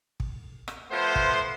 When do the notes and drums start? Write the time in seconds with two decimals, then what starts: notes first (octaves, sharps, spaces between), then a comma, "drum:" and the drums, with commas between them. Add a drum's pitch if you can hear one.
0.20 drum: kick
0.68 drum: rim click
0.92 F3 A3 B3 C5
1.15 drum: kick